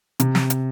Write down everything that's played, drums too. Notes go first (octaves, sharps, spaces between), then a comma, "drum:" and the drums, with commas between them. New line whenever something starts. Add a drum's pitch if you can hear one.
C3, drum: hi-hat
drum: snare
drum: hi-hat